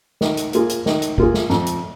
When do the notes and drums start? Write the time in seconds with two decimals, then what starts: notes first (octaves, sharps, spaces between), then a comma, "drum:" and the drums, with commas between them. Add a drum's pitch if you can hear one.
0.21 D#3, drum: snare
0.37 drum: hi-hat
0.53 A#3 F4 G#4, drum: hi-hat
0.69 drum: hi-hat
0.86 D#3, drum: snare
1.02 drum: hi-hat
1.18 A#3 F4 G#4, drum: kick G#1
1.34 drum: snare
1.50 F2, drum: snare
1.66 drum: hi-hat